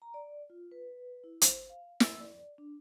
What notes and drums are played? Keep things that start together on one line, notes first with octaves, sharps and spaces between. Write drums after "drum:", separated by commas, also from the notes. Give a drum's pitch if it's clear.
A#5
D5
F4
B4
E4
C5, drum: hi-hat
F5
E6, drum: snare
D5
D4